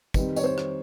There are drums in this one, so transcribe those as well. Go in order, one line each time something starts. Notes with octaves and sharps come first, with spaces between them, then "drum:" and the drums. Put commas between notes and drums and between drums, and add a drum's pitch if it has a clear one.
D#3 G3 C4 B4, drum: kick, tambourine
C#5, drum: tambourine
C5
drum: rim click